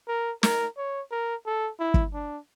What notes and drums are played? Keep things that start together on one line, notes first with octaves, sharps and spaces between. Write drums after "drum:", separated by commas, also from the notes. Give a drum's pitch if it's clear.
A#4
A#4, drum: snare
C#5
A#4
A4
E4
drum: kick
D4